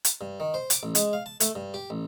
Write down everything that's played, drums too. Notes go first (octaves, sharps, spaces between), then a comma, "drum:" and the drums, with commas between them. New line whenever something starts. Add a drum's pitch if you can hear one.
drum: hi-hat
G2
D#3
C5
D6, drum: hi-hat
A1
G#3, drum: hi-hat
F5
A5
A3, drum: hi-hat
G2
G4
A1